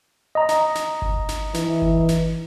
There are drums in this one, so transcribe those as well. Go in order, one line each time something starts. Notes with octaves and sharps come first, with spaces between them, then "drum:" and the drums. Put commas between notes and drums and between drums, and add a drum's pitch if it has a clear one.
D#5 A#5
drum: snare
drum: snare
drum: kick G1
drum: snare
E3, drum: snare
drum: kick G1
drum: snare